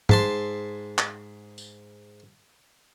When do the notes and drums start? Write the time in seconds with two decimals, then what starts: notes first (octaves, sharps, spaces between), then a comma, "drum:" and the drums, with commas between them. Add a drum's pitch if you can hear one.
0.09 G#2 A5 C6, drum: tom G#2
0.98 drum: clap
1.58 drum: tambourine